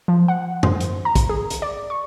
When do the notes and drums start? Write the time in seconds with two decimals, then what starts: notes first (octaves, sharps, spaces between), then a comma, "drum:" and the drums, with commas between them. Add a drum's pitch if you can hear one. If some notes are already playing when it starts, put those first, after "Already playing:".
0.08 F3
0.28 F#5
0.63 C5, drum: tom F#2
0.80 drum: hi-hat
1.05 A#5
1.15 drum: kick, hi-hat
1.29 G#4
1.50 drum: hi-hat
1.62 D5
1.90 C#6